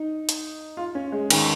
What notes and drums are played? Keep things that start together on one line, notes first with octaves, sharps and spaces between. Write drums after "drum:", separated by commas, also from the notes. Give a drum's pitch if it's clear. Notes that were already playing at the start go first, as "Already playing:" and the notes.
Already playing: D#4
drum: hi-hat
F4
C#4
G#3
D#3, drum: cymbal